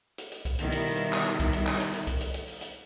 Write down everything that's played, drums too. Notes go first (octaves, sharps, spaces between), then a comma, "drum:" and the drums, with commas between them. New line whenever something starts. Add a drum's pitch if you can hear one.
drum: hi-hat
drum: hi-hat
drum: kick C2, hi-hat
B2 D#3 G3 E4, drum: hi-hat
drum: hi-hat
drum: open hi-hat
drum: clap
drum: hi-hat
drum: kick C2, hi-hat
drum: hi-hat
drum: clap
drum: hi-hat
drum: hi-hat
drum: kick C2, hi-hat
drum: hi-hat
drum: hi-hat
drum: open hi-hat
drum: hi-hat